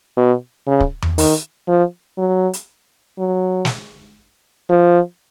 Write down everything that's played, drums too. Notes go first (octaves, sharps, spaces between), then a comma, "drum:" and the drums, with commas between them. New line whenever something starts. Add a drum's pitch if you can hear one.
B2
C#3
drum: kick
drum: tom E2
D#3, drum: open hi-hat
F3
F#3
drum: hi-hat
F#3
drum: snare
F3